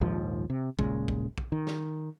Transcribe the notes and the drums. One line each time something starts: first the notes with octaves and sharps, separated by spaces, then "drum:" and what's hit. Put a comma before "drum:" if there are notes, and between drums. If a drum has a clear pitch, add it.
A#1 D#2 G#2 F3
C3
D#1 A#2 C#3 G#3, drum: kick A#1
drum: kick A#1
drum: kick A#1
D#3
drum: snare